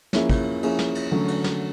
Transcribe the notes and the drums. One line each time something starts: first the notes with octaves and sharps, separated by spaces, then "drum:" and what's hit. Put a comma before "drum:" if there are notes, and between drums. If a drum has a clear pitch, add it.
F3 A#3 C#4 E4 G#4, drum: snare
drum: kick, cymbal
F3 A#3 C#4 E4 G#4, drum: cymbal
drum: snare
drum: cymbal
D3 F#3 A3 C#4 F#4
drum: cymbal
drum: snare